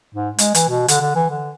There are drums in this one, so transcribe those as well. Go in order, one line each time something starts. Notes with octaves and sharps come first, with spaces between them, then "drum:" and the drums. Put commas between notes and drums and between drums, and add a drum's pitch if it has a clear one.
G#2
G#3, drum: hi-hat
E3, drum: hi-hat
B2
D3, drum: hi-hat
D3
E3
D3